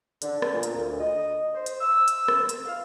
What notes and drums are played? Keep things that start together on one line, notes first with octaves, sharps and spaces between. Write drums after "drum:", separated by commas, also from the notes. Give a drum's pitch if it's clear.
D3, drum: hi-hat
drum: rim click
A#2
drum: hi-hat
D2
D#5
C5
drum: hi-hat
E6
drum: hi-hat
drum: rim click
drum: hi-hat
F5